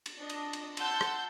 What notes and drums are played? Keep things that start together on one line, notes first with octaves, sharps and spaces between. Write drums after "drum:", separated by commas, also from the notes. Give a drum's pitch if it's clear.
drum: cymbal
D4 D#5
drum: cymbal
drum: cymbal
F#5 A5 C6 E6 G6 A6, drum: cymbal
drum: rim click